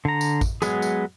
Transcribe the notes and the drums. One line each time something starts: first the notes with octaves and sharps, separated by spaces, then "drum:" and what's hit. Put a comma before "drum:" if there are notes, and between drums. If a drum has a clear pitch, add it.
D3 A#5
drum: tambourine
drum: kick A1, tambourine
F#3 G#3 B3 G#4, drum: tambourine
drum: tambourine